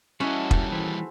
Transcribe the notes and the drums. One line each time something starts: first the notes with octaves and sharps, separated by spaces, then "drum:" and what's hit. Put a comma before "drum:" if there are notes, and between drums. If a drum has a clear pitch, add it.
G3 C#4 E4 F#4 A4 D#5 B5
D#2 G3, drum: kick
E3 G#4 C5